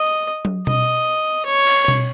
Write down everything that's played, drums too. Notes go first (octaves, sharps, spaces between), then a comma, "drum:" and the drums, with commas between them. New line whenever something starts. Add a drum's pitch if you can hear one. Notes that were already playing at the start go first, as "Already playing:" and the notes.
Already playing: D#5
drum: tom
D#5, drum: tom B2
C#5
drum: cymbal
drum: tom B2